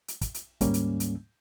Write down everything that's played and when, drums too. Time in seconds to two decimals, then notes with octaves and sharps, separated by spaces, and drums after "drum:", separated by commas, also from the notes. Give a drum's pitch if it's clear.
0.08 drum: hi-hat
0.21 drum: kick, hi-hat
0.34 drum: hi-hat
0.61 D2 G#2 G3 A#3 C#4, drum: kick, hi-hat
0.74 drum: hi-hat
1.00 drum: hi-hat